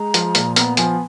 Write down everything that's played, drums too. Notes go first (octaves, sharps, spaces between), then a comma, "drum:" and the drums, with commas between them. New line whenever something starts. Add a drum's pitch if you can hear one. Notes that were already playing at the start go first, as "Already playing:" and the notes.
Already playing: G#3 A#5
F3, drum: hi-hat
A#2, drum: hi-hat
B3 A#5, drum: hi-hat
F3 G#5, drum: hi-hat